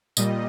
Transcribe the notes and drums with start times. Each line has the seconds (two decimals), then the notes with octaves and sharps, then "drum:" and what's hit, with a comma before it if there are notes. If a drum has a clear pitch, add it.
0.17 A#2 G3 D#5, drum: tambourine